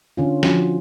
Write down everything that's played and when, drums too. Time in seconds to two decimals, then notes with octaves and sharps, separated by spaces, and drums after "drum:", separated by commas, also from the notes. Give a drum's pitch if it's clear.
0.17 D3 C#4 F4
0.43 F3 F#4, drum: snare